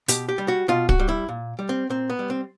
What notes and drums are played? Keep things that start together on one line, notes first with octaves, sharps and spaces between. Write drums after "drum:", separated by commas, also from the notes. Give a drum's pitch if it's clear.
B2 G4, drum: hi-hat
G4
G3
F#4
B2 F4
F#4, drum: kick D1
G3
E4
A#2
G3
C4
A#2 C4
B3
G3
C4